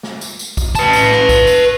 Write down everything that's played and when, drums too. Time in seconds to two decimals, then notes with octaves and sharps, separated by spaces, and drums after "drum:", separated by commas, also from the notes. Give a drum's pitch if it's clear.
0.03 drum: snare
0.21 drum: tambourine
0.39 drum: tambourine
0.57 drum: kick, tambourine
0.75 B4 A5, drum: tambourine
0.93 drum: tambourine
1.11 drum: snare
1.29 drum: kick, tambourine
1.47 drum: tambourine